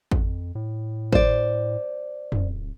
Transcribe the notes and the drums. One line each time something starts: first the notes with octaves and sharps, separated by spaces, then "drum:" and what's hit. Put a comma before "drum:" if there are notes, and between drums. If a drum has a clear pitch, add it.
F2, drum: kick G#1
A2
C5 D5, drum: kick G#1
D1, drum: tom F2